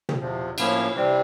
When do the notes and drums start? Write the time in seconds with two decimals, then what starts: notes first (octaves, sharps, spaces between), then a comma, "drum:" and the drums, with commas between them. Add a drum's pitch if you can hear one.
0.09 drum: tom
0.21 E2 C3 F3
0.58 A2 F3 A#3 C#4 E4, drum: cymbal
0.95 C3 E3 G3 C4